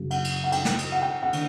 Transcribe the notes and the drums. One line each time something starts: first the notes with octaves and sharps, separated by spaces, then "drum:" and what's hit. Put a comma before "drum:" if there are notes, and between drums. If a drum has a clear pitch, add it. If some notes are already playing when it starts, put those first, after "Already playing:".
Already playing: F#1 F#2 C#3
F#5, drum: cymbal
drum: cymbal
F#5
G5, drum: cymbal
drum: snare
drum: cymbal
F#5
G5
F#5
D3, drum: cymbal